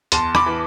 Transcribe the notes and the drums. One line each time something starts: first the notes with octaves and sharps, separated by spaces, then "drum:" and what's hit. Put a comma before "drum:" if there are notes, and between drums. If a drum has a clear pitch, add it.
E2 A5 C6, drum: hi-hat
B5 D6, drum: rim click
E3